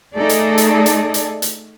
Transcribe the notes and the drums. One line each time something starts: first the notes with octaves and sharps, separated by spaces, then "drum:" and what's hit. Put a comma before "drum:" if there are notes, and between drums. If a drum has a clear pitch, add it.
A3 D#4 G#4 A4 D5
drum: hi-hat
drum: hi-hat
drum: hi-hat
drum: hi-hat
drum: hi-hat